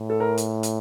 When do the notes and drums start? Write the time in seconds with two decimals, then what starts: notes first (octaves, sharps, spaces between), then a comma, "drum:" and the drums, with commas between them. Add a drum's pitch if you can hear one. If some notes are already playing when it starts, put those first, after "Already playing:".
Already playing: A2
0.10 A4
0.20 A#4
0.38 drum: hi-hat
0.63 drum: hi-hat